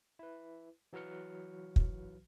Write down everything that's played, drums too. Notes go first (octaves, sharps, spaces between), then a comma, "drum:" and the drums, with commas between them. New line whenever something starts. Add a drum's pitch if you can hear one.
E4 B4
E3 F#3 F#4 B4 F6 C#7
drum: kick